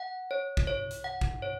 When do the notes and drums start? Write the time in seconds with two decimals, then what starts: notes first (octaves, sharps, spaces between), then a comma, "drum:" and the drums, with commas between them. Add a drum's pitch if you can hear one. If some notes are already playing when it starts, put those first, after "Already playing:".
Already playing: F#5
0.31 C#5
0.57 drum: kick
0.67 C#5
0.91 drum: hi-hat
1.04 F#5
1.21 drum: kick
1.42 C#5